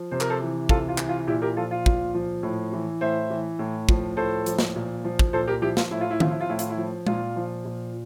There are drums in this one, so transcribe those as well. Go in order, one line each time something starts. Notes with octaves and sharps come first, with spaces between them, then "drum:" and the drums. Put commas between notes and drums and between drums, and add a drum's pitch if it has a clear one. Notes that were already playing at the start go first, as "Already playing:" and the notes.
Already playing: F3
C3 C5
A#4, drum: clap
A4 C5
E3
C3 F4 A4, drum: kick
F4
E3, drum: clap
F4
A#2 E4 G4
G4 A#4
F3 F4 A4
F4
A#2, drum: kick
F3
A2
E3
A2 C5 E5
E3
A2
F3, drum: kick
A2 A4 C5
F3, drum: hi-hat
drum: snare
A#2
F3
drum: kick
A#2 A4 C5
G4 A#4
F3 E4 G4
F4, drum: snare
A2 E4
F4
E4
F3 F4, drum: tom D#3
E4
F4
A2 E4
F4, drum: hi-hat
E4
F3
A#2 F4, drum: tom G#3
F3
A#2